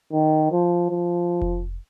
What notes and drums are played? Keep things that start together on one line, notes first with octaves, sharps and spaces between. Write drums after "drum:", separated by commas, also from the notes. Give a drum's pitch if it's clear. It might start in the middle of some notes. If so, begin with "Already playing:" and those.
D#3
F3
F3
drum: kick F1